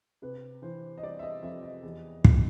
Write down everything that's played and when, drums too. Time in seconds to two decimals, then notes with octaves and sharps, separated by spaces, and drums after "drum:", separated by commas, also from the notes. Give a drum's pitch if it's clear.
0.22 C3 B4
0.62 E3 C5
0.98 D#5
1.03 G3 D5
1.19 E5
1.23 D#5
1.43 F2 E5
1.63 D#5
1.83 E2
2.24 B2, drum: kick